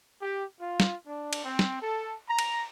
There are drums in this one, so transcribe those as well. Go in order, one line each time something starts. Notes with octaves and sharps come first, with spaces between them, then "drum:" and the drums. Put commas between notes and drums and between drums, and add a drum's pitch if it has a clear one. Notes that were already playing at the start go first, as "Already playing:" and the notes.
G4
F4
drum: snare
D4
drum: cymbal
C4
drum: snare
A4
A#5
drum: cymbal